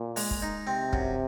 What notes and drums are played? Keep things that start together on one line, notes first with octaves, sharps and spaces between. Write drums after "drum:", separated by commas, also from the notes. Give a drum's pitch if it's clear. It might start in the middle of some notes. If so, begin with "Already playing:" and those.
Already playing: A#2
G#3, drum: open hi-hat
drum: kick
D#4
C3 C4
F#2, drum: kick